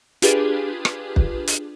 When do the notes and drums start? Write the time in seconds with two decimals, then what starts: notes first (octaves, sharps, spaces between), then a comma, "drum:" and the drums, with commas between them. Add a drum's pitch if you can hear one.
0.22 D4 F4 G4 G#4 B4, drum: hi-hat
0.85 drum: rim click
1.16 drum: kick
1.48 drum: hi-hat